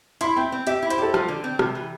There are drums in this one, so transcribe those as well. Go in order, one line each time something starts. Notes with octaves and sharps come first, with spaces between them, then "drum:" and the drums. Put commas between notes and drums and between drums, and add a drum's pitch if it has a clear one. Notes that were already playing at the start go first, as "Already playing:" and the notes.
E4 C6, drum: hi-hat
C4 G5
C4
G4 E5, drum: hi-hat
E4
C5, drum: hi-hat
G4 A4
F3, drum: rim click
D3
C4
C3, drum: rim click
E3